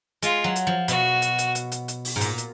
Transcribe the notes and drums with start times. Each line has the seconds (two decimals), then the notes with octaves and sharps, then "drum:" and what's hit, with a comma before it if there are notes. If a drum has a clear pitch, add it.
0.22 G#3 F4, drum: hi-hat
0.44 F#3
0.56 drum: hi-hat
0.67 F3
0.88 B2 F#4, drum: hi-hat
1.22 drum: hi-hat
1.38 drum: hi-hat
1.55 drum: hi-hat
1.72 drum: hi-hat
1.88 drum: hi-hat
2.05 drum: open hi-hat
2.16 G#2
2.21 A#2, drum: hi-hat
2.38 drum: hi-hat